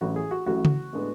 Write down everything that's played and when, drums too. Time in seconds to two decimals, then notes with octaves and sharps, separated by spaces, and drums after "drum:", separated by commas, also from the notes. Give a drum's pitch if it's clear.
0.01 A1 A2 F#3 C#4 F#4
0.16 G#4
0.31 F#4
0.46 A1 A2 F#3 C#4 F#4
0.65 drum: tom C#3
0.93 A2 G#3 B3 D4